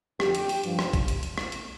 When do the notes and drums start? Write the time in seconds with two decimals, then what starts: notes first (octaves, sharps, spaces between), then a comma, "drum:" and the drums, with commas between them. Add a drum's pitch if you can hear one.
0.20 F2 D3 F3 G4, drum: rim click
0.35 drum: hi-hat
0.49 drum: open hi-hat
0.63 G2 F3, drum: hi-hat
0.79 drum: rim click
0.93 drum: kick, hi-hat
1.08 drum: hi-hat
1.23 drum: hi-hat
1.38 drum: rim click
1.52 drum: hi-hat